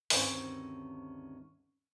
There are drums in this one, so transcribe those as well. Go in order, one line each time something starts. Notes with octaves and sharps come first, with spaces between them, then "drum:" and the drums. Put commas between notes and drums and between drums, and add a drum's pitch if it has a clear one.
D2 G2 D#3 C4 C#4 C5, drum: open hi-hat